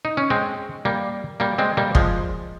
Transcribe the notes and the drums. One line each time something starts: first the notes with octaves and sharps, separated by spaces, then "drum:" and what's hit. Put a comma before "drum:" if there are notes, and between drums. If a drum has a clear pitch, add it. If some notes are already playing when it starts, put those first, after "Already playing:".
D#4
C#4
G#3 C4
G3 A#3
G3 A#3
G#3 C4
G3 A#3
F3 G#3, drum: kick